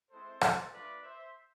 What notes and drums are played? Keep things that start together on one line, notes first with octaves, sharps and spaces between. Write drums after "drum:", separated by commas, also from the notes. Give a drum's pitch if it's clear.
G#3 C4 E4 A4 C5
drum: rim click
A3 D4 F4 B4 D5
C5 E5